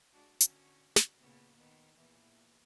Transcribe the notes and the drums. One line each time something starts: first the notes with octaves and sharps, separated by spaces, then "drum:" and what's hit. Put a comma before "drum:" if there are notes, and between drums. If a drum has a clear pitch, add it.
G#3 D4 F#4
D3 C#4 F#4, drum: hi-hat
drum: snare
A#2 C#3 B3
D#3 B3
E2 A#2 E3